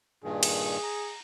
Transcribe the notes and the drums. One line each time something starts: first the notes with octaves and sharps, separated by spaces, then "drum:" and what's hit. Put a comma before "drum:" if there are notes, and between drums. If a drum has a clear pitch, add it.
G2 A#2 D#3 G#4
drum: cymbal
A#5